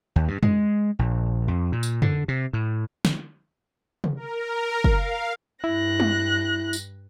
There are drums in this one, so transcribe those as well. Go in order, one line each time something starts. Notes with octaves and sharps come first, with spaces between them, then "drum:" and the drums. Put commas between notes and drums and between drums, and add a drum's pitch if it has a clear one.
D#2
G2
G#3, drum: tom F2
A#1
F2
A#2
drum: tambourine
D3, drum: tom F2
C3
A2
drum: snare
drum: tom C3
A#4
F5, drum: kick
G2 E4 F#6 A#6
drum: tom G3
drum: tambourine